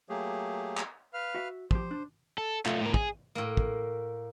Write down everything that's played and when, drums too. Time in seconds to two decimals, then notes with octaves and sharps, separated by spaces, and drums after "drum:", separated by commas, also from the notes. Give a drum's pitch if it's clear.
0.09 F#3 A3 A#3 G4 G#4
0.77 drum: clap
1.14 B4 F5 F6
1.34 F#4 E5
1.71 F3 G4 C5, drum: kick
1.91 D4
2.38 A4
2.66 A3 F4, drum: clap
2.81 A2 A#4
2.94 G#4, drum: kick
3.35 A2 A#3
3.57 drum: kick